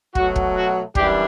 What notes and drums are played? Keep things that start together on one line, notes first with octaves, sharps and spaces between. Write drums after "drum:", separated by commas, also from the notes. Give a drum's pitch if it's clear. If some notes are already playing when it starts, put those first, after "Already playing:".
B2 F#3 A3 F#4, drum: kick
drum: kick
F#4
F#2 E3 G3 D4 G4, drum: kick